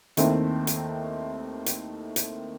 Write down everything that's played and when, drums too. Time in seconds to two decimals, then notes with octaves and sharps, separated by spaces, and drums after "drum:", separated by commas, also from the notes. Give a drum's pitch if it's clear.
0.17 D#2 D#3 A3 C4 E4, drum: hi-hat
0.67 drum: hi-hat
1.66 drum: hi-hat
2.16 drum: hi-hat